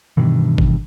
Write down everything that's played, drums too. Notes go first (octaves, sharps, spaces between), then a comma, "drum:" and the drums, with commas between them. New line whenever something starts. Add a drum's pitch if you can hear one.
G2 B2 D#3 E3
drum: kick